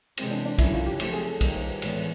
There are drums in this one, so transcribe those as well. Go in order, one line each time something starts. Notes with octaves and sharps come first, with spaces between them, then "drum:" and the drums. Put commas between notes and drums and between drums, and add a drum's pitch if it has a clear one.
C3 E3 G#3 C4, drum: cymbal
D4
D4
F#2 C#3 F#3 E4, drum: kick, cymbal
F4
G4
F3 A3 C4 G4, drum: cymbal
G#4
A4
D#3 G3 A#3 D#4, drum: kick, cymbal
C5
B4
A2 E3 G#3 B3 B4, drum: cymbal